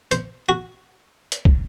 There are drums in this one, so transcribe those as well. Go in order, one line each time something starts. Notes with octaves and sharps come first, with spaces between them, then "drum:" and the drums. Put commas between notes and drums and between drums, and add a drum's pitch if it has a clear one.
C5, drum: hi-hat
F#4
drum: hi-hat
drum: kick